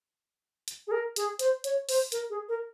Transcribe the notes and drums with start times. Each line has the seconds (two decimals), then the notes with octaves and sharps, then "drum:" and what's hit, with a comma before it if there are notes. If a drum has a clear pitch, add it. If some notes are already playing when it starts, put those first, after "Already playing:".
0.68 drum: hi-hat
0.87 G#4
0.91 A#4
1.16 G#4, drum: hi-hat
1.39 C5, drum: hi-hat
1.64 C#5, drum: hi-hat
1.89 C5, drum: open hi-hat
2.12 A#4, drum: hi-hat
2.30 G#4
2.49 A#4